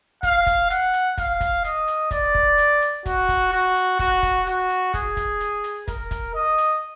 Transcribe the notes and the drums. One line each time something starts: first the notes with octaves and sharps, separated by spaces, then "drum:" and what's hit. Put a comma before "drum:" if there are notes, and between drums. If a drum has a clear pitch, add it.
F5, drum: kick, hi-hat
drum: kick, hi-hat
F#5, drum: hi-hat
drum: hi-hat
F5, drum: kick, hi-hat
drum: kick, hi-hat
D#5, drum: hi-hat
drum: hi-hat
D5, drum: kick, hi-hat
drum: kick
drum: hi-hat
drum: hi-hat
F#4, drum: kick, hi-hat
drum: kick, hi-hat
F#4, drum: hi-hat
drum: hi-hat
F#4, drum: kick, hi-hat
drum: kick, hi-hat
F#4, drum: hi-hat
drum: hi-hat
G#4, drum: kick, hi-hat
drum: kick, hi-hat
drum: hi-hat
drum: hi-hat
A#4, drum: kick, hi-hat
drum: kick, hi-hat
D#5
drum: hi-hat